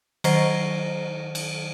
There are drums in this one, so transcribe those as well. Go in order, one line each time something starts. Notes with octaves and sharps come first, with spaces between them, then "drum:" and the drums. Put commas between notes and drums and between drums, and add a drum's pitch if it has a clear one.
D#3 F#3 C5 A#6, drum: cymbal
drum: cymbal